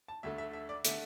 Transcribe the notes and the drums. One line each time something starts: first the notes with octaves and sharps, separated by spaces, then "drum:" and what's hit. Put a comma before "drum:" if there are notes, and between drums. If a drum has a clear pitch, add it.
A5
D2 D3 A3 E5
E5
E5
D5
D3 A3 E5, drum: hi-hat